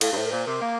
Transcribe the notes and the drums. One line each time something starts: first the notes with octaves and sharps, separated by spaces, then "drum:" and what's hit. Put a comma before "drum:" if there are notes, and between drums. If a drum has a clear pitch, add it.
A2 F5, drum: cymbal
G2
A2 C5
A#4
A#2 C5
C3 A#4
A#3